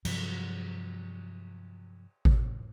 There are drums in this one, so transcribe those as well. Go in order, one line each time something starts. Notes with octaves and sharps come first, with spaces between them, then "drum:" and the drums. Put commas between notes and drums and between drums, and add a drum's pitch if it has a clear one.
G2 C3 F3 F#3, drum: cymbal
drum: kick G#1